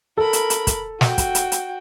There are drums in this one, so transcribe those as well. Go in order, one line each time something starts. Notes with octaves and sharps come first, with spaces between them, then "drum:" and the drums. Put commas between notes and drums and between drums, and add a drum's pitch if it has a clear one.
A4 A#4 B5
drum: hi-hat
drum: hi-hat
drum: kick, hi-hat
F#4 G5, drum: snare
drum: kick, hi-hat
drum: hi-hat
drum: hi-hat